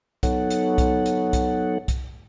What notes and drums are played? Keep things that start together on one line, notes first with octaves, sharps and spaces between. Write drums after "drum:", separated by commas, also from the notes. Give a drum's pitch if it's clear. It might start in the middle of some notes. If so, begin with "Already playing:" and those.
F#3 B3 D#4 A4 C#5 F#5, drum: kick, hi-hat
drum: hi-hat
drum: kick, hi-hat
drum: hi-hat
drum: kick, hi-hat
drum: kick, hi-hat